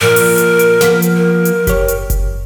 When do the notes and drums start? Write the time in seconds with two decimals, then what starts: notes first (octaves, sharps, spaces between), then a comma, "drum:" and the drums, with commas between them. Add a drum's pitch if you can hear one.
0.01 A#2 F3 A#4
0.16 drum: open hi-hat
0.38 drum: hi-hat
0.59 drum: hi-hat
0.81 F3 A#3 B3, drum: snare
1.02 drum: hi-hat
1.16 A#4
1.45 drum: hi-hat
1.67 G4 C#5, drum: kick F#1, hi-hat
1.88 drum: hi-hat
2.10 drum: kick F#1, hi-hat